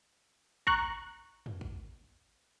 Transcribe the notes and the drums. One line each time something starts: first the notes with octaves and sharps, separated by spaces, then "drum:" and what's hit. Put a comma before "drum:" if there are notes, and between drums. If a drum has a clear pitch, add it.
A#5 C#6 F#6, drum: kick
drum: tom
drum: kick